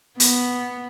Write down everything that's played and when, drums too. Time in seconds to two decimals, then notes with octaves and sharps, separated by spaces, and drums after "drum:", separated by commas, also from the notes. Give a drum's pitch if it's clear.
0.20 B3, drum: hi-hat